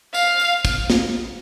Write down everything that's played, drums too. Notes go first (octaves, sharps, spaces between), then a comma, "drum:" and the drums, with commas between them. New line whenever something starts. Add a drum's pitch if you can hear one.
F5, drum: tambourine
drum: tambourine
drum: kick, tambourine
drum: snare